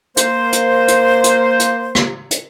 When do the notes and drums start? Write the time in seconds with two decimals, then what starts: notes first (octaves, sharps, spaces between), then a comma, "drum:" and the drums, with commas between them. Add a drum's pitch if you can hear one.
0.17 A#3 C5, drum: hi-hat
0.52 drum: hi-hat
0.88 drum: hi-hat
1.24 drum: hi-hat
1.59 drum: hi-hat
1.95 drum: rim click
2.31 drum: hi-hat